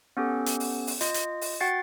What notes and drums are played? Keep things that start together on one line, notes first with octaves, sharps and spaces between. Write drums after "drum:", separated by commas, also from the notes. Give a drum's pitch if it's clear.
B3 C#4 G4 A4
drum: hi-hat
drum: open hi-hat
drum: open hi-hat
F4 D#5, drum: hi-hat
drum: hi-hat
drum: open hi-hat
F#4 F#5 G5 A6 C7